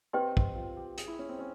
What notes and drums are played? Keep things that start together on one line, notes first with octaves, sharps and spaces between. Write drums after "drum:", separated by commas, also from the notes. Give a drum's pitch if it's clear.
C4 G4 B4 D#5 G5 C6
drum: kick
F4
G4
G#4, drum: hi-hat
E4
C#4
C4
C#4